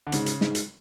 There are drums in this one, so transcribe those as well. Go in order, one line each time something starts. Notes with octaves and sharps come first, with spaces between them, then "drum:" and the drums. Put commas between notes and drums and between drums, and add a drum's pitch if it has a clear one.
D3
G#2 C#3, drum: hi-hat
drum: hi-hat
G#2, drum: snare
drum: hi-hat